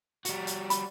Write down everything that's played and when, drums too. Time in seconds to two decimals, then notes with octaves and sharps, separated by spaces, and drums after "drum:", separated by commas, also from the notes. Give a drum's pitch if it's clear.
0.25 G3 F#4, drum: hi-hat
0.47 drum: hi-hat
0.70 B5, drum: hi-hat